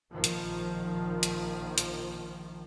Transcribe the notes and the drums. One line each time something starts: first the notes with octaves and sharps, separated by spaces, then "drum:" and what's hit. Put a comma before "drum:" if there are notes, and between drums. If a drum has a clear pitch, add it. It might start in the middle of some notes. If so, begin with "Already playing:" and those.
A#1 D#3 F3
drum: hi-hat
drum: hi-hat
drum: hi-hat